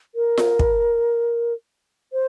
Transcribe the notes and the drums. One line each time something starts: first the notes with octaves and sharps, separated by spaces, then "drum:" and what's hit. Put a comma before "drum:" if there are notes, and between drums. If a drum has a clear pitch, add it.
A#4
drum: snare F4
drum: kick
C5